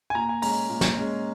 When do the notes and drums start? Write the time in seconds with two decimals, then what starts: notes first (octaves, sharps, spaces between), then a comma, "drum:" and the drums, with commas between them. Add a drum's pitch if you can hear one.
0.10 G#5
0.15 A#2 A#5
0.29 G#5
0.42 G#3 C#4 A#5, drum: open hi-hat
0.70 A#2
0.81 drum: snare
0.97 G#3 C#4